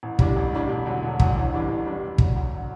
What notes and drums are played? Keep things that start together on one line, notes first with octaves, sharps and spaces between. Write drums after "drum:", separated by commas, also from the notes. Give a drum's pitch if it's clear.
A1
A2 G3 D4, drum: kick
A1
A2 G3 D4
E1
D2 D3 F#3
E1
D2 D3 F#3, drum: kick
A1
A2 E3 G3 D4
A1
A2 E3 G3 D4
D2
D3 F#3, drum: kick
D2
D3 F#3